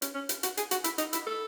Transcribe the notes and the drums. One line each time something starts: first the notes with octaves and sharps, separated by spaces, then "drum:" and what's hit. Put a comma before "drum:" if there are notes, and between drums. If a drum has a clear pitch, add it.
C#4, drum: hi-hat
C#4
drum: hi-hat
F#4, drum: hi-hat
G#4, drum: hi-hat
F#4, drum: hi-hat
E4, drum: hi-hat
D#4, drum: hi-hat
E4, drum: hi-hat
A4